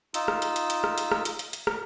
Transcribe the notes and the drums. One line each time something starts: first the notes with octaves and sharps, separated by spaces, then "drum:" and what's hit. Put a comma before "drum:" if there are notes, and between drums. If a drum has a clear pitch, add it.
D#4 F4 E6, drum: hi-hat
drum: rim click
drum: hi-hat
drum: hi-hat
drum: hi-hat
drum: rim click
drum: hi-hat
drum: rim click
drum: hi-hat
drum: hi-hat
drum: hi-hat
drum: rim click